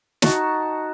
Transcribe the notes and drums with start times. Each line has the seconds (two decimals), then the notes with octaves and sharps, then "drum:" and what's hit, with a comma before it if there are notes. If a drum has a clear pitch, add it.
0.22 D#4 F#4 A5 C#6, drum: snare